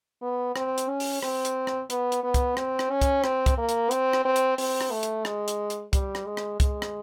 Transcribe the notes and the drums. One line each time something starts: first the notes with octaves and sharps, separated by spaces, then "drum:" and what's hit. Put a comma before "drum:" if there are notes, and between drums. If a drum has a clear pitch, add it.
B3
C4, drum: rim click
drum: hi-hat
C#4
drum: open hi-hat
C4, drum: rim click
drum: hi-hat
drum: rim click
B3, drum: hi-hat
drum: hi-hat
B3
drum: kick, hi-hat
C4, drum: rim click
drum: rim click
C#4
drum: kick, hi-hat
C4, drum: rim click
drum: kick, hi-hat
A#3
drum: hi-hat
C4, drum: hi-hat
drum: rim click
C4
drum: hi-hat
C4, drum: open hi-hat
drum: rim click
A3
drum: hi-hat
G#3, drum: rim click
drum: hi-hat
drum: hi-hat
G3, drum: kick, hi-hat
drum: rim click
G#3
drum: rim click
G#3, drum: kick, hi-hat
drum: rim click